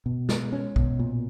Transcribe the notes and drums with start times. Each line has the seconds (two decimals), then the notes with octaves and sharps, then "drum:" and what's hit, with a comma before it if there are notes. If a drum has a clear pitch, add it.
0.06 B2
0.29 G#3, drum: snare
0.52 C#4
0.76 B2, drum: kick
0.99 A#2